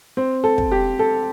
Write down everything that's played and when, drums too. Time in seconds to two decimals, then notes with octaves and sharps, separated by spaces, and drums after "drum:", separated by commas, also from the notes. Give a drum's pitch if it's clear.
0.17 C4
0.44 A4
0.58 drum: kick
0.72 G4
0.99 A4